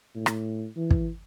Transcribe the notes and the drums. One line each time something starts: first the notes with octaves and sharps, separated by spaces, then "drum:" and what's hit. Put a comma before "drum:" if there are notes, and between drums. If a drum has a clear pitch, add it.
A2
drum: rim click
E3
drum: kick